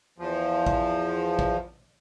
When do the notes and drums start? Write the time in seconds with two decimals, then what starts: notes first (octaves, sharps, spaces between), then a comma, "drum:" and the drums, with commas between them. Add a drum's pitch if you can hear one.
0.18 E2 F3
0.67 drum: kick A1
1.39 drum: kick A1